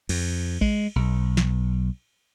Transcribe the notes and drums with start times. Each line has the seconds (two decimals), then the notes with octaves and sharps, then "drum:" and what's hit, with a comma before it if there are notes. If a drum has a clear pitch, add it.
0.09 F2, drum: cymbal
0.61 G#3, drum: kick A1
0.96 B1
1.37 drum: snare